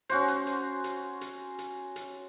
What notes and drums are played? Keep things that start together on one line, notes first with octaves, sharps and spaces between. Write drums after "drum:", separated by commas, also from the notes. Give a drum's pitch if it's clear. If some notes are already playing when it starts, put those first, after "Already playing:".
C#4 F#4 C5, drum: hi-hat
drum: hi-hat
drum: hi-hat
drum: hi-hat
drum: hi-hat
drum: hi-hat
drum: hi-hat